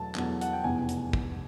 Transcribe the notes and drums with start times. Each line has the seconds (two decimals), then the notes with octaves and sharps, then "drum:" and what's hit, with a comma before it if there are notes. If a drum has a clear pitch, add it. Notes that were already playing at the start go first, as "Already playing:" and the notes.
Already playing: E2 B2 F#3 A3 A5
0.15 E2 B2 F#3 A3, drum: clap
0.41 F#5, drum: hi-hat
0.53 G5
0.64 F1 E2 B2 G#5
0.89 drum: hi-hat
1.13 drum: kick